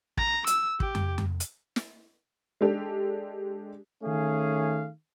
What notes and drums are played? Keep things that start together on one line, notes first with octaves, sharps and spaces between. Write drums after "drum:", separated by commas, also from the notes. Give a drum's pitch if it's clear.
A#5, drum: kick
E6, drum: hi-hat
G4, drum: kick
drum: tom F2
drum: tom F2
drum: hi-hat
drum: snare
G#3 D4 G4 A4
D#3 A3 C#4 G#4 F5